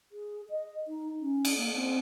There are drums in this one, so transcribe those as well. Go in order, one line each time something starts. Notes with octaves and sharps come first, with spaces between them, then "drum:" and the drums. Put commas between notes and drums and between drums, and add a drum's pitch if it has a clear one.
G#4
D#5
D#4
C#4
drum: cymbal
A#3
C4